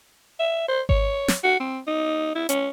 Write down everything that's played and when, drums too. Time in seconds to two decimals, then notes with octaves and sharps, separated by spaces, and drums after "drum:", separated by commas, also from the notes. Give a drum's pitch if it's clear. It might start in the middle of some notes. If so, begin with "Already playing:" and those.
0.39 E5
0.68 C5
0.89 C#5, drum: kick G#1
1.28 drum: snare
1.43 F#4
1.60 C4
1.87 D#4
2.35 E4
2.49 C#4, drum: hi-hat